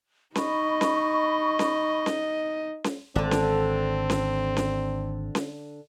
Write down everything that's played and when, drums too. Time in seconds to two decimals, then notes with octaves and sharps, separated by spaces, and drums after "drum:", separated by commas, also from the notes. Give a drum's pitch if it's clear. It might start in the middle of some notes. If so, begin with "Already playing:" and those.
0.35 D#4 D#5 B5 C#6, drum: snare C#4
0.81 drum: snare C#4
1.59 drum: snare C#4
2.06 drum: snare C#4
2.84 drum: snare C#4
3.16 G#1 D3 C4 D4
3.31 drum: snare C#4
4.10 drum: snare C#4
4.57 drum: snare C#4
5.35 drum: snare C#4